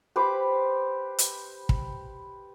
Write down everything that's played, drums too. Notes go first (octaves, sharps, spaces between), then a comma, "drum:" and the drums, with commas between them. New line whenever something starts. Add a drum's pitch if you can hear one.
G4 B4 C5 D6
drum: hi-hat
drum: kick